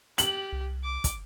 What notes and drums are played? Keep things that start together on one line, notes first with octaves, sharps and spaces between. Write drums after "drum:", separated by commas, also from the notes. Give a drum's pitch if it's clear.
G4 F#7, drum: hi-hat
C2
D6
drum: kick, hi-hat